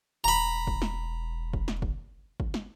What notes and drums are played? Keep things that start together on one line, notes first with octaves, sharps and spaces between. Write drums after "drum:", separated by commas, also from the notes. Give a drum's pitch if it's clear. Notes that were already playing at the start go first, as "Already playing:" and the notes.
E1 A#5 B5
drum: kick
drum: snare
drum: kick
drum: snare
drum: kick
drum: kick
drum: snare